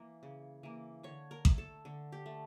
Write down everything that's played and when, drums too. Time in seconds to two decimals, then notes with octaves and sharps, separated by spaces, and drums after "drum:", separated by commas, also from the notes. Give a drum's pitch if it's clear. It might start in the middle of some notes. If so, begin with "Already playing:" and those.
Already playing: E3 A#3
0.23 C#3
0.63 E3 A#3
1.03 D3 C#5
1.31 A#4
1.45 A3, drum: kick A1
1.58 A4
1.85 D3
2.12 G4
2.26 A3